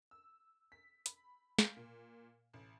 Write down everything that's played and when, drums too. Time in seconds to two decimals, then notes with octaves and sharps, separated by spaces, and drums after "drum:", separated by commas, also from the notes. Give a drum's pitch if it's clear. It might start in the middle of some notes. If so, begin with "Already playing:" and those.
0.11 E6
0.72 B6
1.06 B5, drum: hi-hat
1.59 F5, drum: snare
1.76 A#2
2.54 A1